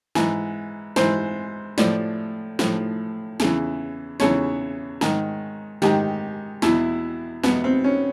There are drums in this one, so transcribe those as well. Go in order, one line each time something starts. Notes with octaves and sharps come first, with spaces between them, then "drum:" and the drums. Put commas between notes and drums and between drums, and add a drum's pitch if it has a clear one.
G#2 E3, drum: snare
G#2 E3 C5, drum: snare
A2 F3 D5, drum: snare
A2 F3, drum: snare
E2 C#3 E3, drum: snare
E2 C#3 E3 C#5, drum: snare
G#2 D#3, drum: snare
G#2 D#3 G4, drum: snare
E2 B2 E4, drum: snare
E2 B2 B3, drum: snare
C4
C#4